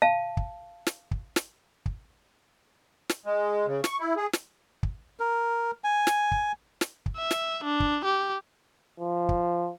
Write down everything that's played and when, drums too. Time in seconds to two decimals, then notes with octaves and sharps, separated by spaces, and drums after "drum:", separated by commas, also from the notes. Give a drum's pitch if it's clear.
0.02 F5 A5
0.37 drum: kick
0.87 drum: snare
1.11 drum: kick
1.36 drum: snare
1.86 drum: kick
3.09 drum: snare
3.26 G#3
3.66 C#3
3.84 C#6, drum: snare
4.00 E4
4.17 G#4
4.33 drum: snare
4.83 drum: kick
5.20 A#4
5.84 G#5
6.07 drum: snare
6.32 drum: kick
6.81 drum: snare
7.06 drum: kick
7.17 E5
7.31 drum: snare
7.64 D4
7.80 drum: kick
8.05 G4
9.00 F3
9.29 drum: kick